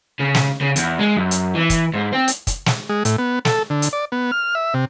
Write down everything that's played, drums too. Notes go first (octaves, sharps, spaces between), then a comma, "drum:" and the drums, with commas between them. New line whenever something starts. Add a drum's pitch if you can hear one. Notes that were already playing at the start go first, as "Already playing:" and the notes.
C#3
drum: snare
C#3
E2, drum: hi-hat
G#3
F#2
drum: hi-hat
E3
drum: kick, hi-hat
G#2
C4
drum: hi-hat
drum: kick, hi-hat
drum: snare
G#3
A2, drum: hi-hat
B3
A4, drum: snare
D3
drum: hi-hat
D5
B3
F6
E5
C3